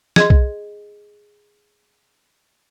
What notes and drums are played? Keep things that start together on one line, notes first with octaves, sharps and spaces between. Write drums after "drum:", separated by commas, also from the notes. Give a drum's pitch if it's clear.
G#4 D#5 C6, drum: snare
drum: kick B1